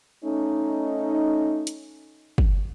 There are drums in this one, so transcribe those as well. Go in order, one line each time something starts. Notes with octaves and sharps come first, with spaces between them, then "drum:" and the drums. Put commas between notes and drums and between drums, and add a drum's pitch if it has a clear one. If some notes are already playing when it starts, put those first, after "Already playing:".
A3 C#4 D#4
drum: hi-hat
drum: kick